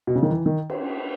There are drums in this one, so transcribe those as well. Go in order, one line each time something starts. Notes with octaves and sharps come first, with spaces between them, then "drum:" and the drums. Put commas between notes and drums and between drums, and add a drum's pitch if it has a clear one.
B2
C#3
D#3
E3
D#3
drum: cymbal